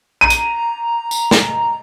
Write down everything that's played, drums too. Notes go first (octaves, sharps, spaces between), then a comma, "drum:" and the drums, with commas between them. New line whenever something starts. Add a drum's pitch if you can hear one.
A#5 D#7
drum: hi-hat
drum: tambourine
drum: snare